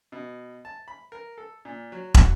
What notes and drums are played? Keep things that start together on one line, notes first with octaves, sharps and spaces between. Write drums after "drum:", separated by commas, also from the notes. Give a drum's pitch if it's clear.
B2
A5
B5
A#4
A4
A#2
F#3
F#4, drum: kick